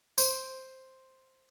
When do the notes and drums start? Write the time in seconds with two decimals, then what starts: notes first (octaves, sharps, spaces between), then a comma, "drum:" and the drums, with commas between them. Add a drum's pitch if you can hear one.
0.18 C5, drum: tambourine